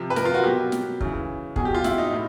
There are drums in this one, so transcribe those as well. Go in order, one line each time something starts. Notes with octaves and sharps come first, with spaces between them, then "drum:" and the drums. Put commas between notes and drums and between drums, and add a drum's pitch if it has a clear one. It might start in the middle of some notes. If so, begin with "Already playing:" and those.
Already playing: C3 F3
B4
A#4, drum: snare
F4
F#4
B2 F#3 G4
drum: snare
C#3 E3, drum: kick
B2 F#3 G#4, drum: kick
G4
F4
E4, drum: snare
D#4
A2